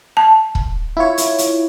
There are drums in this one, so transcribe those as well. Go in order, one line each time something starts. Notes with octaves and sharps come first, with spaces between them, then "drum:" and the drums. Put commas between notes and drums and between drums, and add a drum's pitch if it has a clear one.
A5
drum: kick
E4 F4 C#5
drum: hi-hat
drum: hi-hat